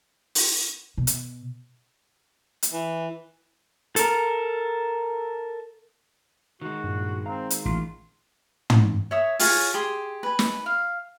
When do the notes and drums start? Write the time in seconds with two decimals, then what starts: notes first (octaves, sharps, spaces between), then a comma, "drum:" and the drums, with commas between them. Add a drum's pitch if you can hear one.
0.35 drum: open hi-hat
0.97 B2
1.07 drum: hi-hat
2.63 drum: hi-hat
2.73 E3
3.96 A4 A#4, drum: hi-hat
6.61 D#3 G#3 F#4
6.84 G2 A#2
7.26 C4 F5 A#5
7.50 drum: hi-hat
7.65 A1 F4
8.70 drum: tom
9.11 C#5 E5 D#6
9.39 F4 G#4 C#5 G#5, drum: open hi-hat
9.74 G4 G#4 C6
10.23 B4 G#5
10.39 drum: snare
10.66 F5